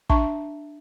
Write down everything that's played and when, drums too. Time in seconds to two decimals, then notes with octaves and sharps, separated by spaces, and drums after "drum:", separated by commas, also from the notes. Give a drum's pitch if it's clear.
0.10 D4 E5 A5 A#5 C#6, drum: kick